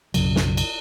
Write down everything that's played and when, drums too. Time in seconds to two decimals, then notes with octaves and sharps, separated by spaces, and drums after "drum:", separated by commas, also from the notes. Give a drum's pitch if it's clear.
0.14 B1 F#2 C#3 F#3, drum: cymbal
0.36 drum: snare
0.57 drum: cymbal